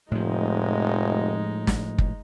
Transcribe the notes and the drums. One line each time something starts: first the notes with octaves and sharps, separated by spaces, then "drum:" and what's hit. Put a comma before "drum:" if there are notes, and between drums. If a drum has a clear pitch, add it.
F1 A2 F3 G#3 D#4
drum: snare
drum: kick